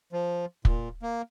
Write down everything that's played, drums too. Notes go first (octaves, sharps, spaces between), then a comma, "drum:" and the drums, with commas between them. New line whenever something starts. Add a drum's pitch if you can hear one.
F3
A#2, drum: kick
A#3